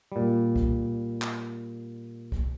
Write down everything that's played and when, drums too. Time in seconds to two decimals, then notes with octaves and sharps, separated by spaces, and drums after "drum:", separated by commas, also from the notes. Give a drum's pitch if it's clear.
0.12 A#2 G3
0.56 drum: kick C2
1.22 drum: clap
2.32 drum: kick C2